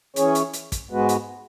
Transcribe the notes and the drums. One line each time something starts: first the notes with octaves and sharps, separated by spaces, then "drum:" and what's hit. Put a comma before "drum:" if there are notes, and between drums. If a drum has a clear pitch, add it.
E3 C#4 G#4 C#5, drum: hi-hat
drum: hi-hat
drum: hi-hat
drum: kick, hi-hat
G#2 G#3 B3 F#4 B4
drum: hi-hat